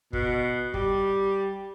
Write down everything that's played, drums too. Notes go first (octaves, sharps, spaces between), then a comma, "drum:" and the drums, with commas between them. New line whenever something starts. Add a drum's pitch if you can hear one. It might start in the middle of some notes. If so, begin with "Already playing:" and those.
B2, drum: kick
G3, drum: kick